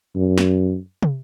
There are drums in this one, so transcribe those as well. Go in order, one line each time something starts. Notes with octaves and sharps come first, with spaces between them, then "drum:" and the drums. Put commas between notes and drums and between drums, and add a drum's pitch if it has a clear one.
F#2
drum: snare
drum: tom